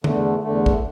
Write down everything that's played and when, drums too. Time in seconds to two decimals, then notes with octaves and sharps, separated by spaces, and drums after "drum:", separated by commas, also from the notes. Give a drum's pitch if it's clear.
0.04 E2 D3 A3, drum: tom D3
0.42 E2 D3 A3
0.66 drum: kick